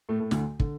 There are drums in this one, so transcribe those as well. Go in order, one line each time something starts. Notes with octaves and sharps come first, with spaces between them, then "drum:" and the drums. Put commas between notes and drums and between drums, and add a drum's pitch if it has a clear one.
A2 A3
A2 A3
D2 D3, drum: snare
D3, drum: kick